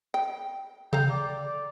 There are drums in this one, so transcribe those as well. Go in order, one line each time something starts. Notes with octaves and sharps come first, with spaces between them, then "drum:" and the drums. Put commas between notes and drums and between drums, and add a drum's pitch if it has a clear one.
G5
A4 F5 G5 A#5, drum: tom C3
D5